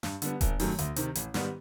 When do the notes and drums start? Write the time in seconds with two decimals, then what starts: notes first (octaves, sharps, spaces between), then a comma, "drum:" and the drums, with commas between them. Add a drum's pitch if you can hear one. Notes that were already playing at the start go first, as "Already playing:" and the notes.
0.03 G2, drum: snare
0.22 D3 G3 B3, drum: hi-hat
0.41 G#1, drum: kick D#1, hi-hat
0.60 F#2 D#3 F#3 A3, drum: open hi-hat
0.79 D2, drum: hi-hat
0.96 C3 D#3, drum: hi-hat
1.15 A1, drum: hi-hat
1.34 G#2 D#3 G3 B3, drum: snare